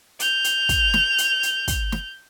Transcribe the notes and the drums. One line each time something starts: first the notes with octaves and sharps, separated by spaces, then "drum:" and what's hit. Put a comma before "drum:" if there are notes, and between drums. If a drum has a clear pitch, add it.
G6 F7, drum: hi-hat
drum: hi-hat
drum: kick, hi-hat
drum: snare
drum: hi-hat
drum: hi-hat
drum: kick, hi-hat
drum: snare